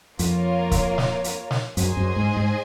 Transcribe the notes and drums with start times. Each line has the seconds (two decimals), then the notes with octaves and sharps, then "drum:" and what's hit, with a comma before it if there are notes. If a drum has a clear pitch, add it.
0.19 F2 A#3 F4 A#4 C#5, drum: hi-hat
0.71 drum: kick C#1, hi-hat
0.98 drum: snare
1.24 drum: hi-hat
1.51 drum: snare
1.77 F#2 G#4 C5 D#5 G#5, drum: hi-hat
1.97 F#2
2.16 G#2
2.37 G#2